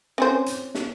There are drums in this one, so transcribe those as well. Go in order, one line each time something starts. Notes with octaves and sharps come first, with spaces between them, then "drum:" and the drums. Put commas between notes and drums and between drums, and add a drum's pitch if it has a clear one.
C4 C#4 C5
drum: hi-hat
drum: snare